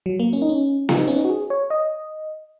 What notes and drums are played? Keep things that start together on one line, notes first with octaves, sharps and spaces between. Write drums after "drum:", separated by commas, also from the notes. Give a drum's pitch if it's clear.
F#3
A#3
C#4
D#4
C#4
F4, drum: snare B3
D#4
C#4
D#4
F#4
G#4
C#5
D#5